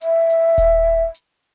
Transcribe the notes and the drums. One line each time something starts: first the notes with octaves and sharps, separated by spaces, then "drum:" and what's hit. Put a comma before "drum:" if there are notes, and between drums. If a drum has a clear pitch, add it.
E5, drum: hi-hat
drum: hi-hat
drum: kick D#1, hi-hat
drum: hi-hat